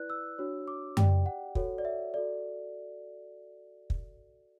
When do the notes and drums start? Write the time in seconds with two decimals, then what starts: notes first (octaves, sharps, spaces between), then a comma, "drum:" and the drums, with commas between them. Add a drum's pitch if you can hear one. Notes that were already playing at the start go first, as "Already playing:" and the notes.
Already playing: E4 B4 D5 F#6
0.10 E6
0.38 D4 F#4 C#5
0.68 D6
0.97 G4 D5 G5, drum: tom F#2
1.26 F#5
1.55 F#4 A4 C#5, drum: kick
1.78 D5
1.85 E5
2.14 F#4 A4 D5
3.90 drum: kick